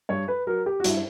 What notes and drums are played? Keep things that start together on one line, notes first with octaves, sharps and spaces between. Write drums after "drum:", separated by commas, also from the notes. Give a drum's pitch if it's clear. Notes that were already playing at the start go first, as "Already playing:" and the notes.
G2 C#5
B4
F#3 A#4
G4
F#4
G2 E4, drum: hi-hat